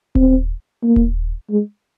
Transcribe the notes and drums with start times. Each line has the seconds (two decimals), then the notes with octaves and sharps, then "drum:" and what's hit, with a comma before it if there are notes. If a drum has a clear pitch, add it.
0.15 C4, drum: kick D#1
0.83 A#3
0.96 drum: kick D#1
1.50 G#3